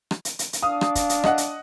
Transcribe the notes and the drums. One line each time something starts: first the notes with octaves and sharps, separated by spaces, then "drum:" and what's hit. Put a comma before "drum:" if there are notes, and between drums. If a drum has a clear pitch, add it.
drum: rim click
drum: hi-hat
drum: hi-hat
drum: hi-hat
D4 F5 D#6
drum: rim click
drum: kick, hi-hat
drum: hi-hat
D#5 F#5, drum: rim click
drum: hi-hat